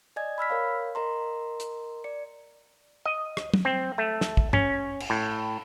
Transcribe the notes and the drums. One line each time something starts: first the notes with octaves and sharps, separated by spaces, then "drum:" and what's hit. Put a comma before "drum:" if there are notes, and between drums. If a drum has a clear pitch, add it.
D5 D#5 G#5 G#6
B5 E6 F6 B6
A#4 C#5 F5
A#4 D#5 A#5 C6
drum: hi-hat
D5 C#7
D#5
drum: rim click
drum: tom
C4
A3
drum: snare
drum: kick
C#4, drum: tom G2
drum: cymbal
A2